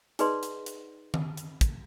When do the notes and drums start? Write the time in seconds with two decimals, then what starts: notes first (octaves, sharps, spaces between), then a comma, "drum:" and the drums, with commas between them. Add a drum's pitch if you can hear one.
0.19 D#4 G#4 B4 D5 D#5 C6, drum: hi-hat
0.43 drum: hi-hat
0.66 drum: hi-hat
1.14 drum: tom D#3
1.37 drum: hi-hat
1.61 drum: kick, hi-hat